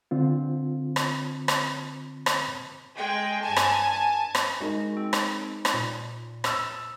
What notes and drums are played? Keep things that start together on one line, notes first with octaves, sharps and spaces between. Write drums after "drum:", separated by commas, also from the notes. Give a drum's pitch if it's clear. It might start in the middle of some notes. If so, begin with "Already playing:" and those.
D3 C4 F4
drum: rim click
drum: rim click
drum: rim click
G#3 G5
G2 G#5 A5
drum: rim click
drum: rim click
G#3 D#4 F#4 A#4
C4
drum: rim click
drum: rim click
A#2
D#6 E6 A6, drum: rim click